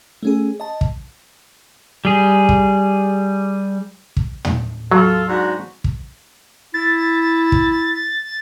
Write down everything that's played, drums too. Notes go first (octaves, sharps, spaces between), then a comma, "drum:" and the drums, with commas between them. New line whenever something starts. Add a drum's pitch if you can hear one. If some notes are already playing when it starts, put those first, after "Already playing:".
A3 C#4 G#4
D#5 A5
drum: kick
G3 G#4
drum: kick
drum: kick
drum: tom
F#3 F4 A4
G#2 D4 F#4
drum: kick
E4 A6
drum: kick